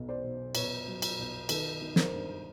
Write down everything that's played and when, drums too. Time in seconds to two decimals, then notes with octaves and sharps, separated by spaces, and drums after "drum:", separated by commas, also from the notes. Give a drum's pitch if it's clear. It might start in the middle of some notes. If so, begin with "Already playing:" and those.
Already playing: B1 B2
0.09 C5 D5
0.24 B2
0.55 B2 B4 C#5, drum: cymbal
0.87 F#3
1.02 drum: cymbal
1.18 B1
1.49 D#3 A4 B4, drum: cymbal
1.81 D#3
1.96 A#4 C5, drum: snare
2.13 G2